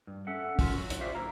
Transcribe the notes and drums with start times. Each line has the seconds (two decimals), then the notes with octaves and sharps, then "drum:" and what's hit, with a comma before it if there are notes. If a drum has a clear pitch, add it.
0.07 G2
0.27 C#4 A4 E5 F#5
0.59 C#4 F4 A#4, drum: kick, open hi-hat
0.74 F#3
0.90 drum: hi-hat
1.01 F4 G4 C5 D5 E5 F5
1.15 G2 D3 A#3 E4 F4 A#5